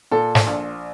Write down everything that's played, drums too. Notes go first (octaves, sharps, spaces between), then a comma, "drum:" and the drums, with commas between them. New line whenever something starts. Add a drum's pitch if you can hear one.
A#2 A4
drum: snare
A#1